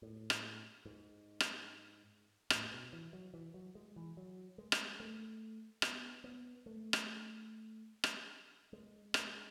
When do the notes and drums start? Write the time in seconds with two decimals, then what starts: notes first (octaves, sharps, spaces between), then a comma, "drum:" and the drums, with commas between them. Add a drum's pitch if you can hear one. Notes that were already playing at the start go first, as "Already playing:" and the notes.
0.02 A2
0.30 drum: rim click
0.85 G#2
1.40 drum: rim click
2.50 A2, drum: rim click
2.72 B2
2.93 E3
3.13 F#3
3.34 E3
3.54 F#3
3.75 G#3
3.96 E3
4.17 F#3
4.58 G#3
4.72 drum: rim click
5.00 A3
5.82 B3, drum: rim click
6.24 B3
6.66 A3
6.93 drum: rim click
8.04 drum: rim click
8.73 G#3
9.14 G#3, drum: rim click